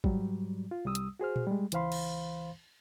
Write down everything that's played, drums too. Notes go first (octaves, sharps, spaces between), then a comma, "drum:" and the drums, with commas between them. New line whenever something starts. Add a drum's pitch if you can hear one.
G#2 F#3 G3, drum: kick
F4
C2 G3 D#6 E6
drum: hi-hat
F#4 G#4 C5 F6
drum: tom A#2
G3 G#3
C#2 E3 C5 F5 B5 C6, drum: hi-hat
drum: cymbal